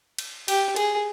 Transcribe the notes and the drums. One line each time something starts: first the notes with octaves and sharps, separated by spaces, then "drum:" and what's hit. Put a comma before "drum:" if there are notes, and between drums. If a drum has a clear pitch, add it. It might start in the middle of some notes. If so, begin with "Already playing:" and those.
drum: cymbal
G4, drum: cymbal
G#4, drum: cymbal